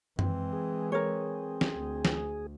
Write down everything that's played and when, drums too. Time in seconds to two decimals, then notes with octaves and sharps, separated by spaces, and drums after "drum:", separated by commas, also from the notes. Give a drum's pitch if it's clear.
0.19 E3 G#3 C4, drum: tom F#2
0.53 G#4
0.92 C4 G#4 A#4 C#5
1.61 drum: snare
1.75 D2
2.05 drum: snare